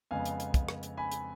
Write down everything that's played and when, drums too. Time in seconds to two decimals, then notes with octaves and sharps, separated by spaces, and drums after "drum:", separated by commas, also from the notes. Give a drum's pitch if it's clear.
0.11 F2 C#3 G#3 B3 F5 G#5
0.25 drum: hi-hat
0.40 drum: hi-hat
0.54 drum: kick, hi-hat
0.69 drum: rim click
0.83 drum: hi-hat
0.97 G#5 B5
1.12 drum: hi-hat